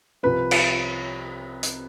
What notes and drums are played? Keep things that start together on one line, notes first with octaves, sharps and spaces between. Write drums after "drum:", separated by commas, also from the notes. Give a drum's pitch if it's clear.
C2 C3 F3 B4
drum: cymbal
drum: hi-hat